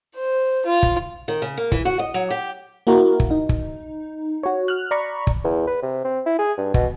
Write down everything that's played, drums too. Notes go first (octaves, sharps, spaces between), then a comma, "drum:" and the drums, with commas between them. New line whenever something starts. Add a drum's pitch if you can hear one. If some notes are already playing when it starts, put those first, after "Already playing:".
C5
F4
drum: kick
D#3
C#3
A#3
E3, drum: kick
F#4
D#5
F#3
G4
A#3 E4 F#4 A#4
drum: kick
D#4
drum: kick
F#4 C#5
F6 F#6
D5 A#5 B5 C#6
drum: kick
E2
B4
C3
C4
E4
G#4
G2
B2, drum: kick